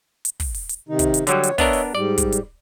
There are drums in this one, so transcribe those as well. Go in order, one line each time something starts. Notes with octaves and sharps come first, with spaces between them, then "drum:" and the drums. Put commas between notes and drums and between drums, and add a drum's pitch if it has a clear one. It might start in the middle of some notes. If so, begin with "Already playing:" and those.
drum: hi-hat
drum: kick, open hi-hat
drum: open hi-hat
drum: hi-hat
C3 D#3 D#4
drum: kick, hi-hat
drum: hi-hat
D3 F#3 G3 C#5, drum: hi-hat
drum: hi-hat
B3 D4 A#4 C#5 D#5 E5, drum: kick, open hi-hat
drum: open hi-hat
G#2 G3 D5
drum: kick, hi-hat
drum: hi-hat